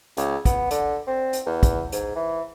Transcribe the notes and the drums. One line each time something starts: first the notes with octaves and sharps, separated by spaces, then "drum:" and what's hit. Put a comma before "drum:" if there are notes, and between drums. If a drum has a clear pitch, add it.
C#2, drum: hi-hat
B3, drum: kick, hi-hat
D3, drum: hi-hat
C4
drum: hi-hat
E2
drum: kick, hi-hat
G#2, drum: hi-hat
E3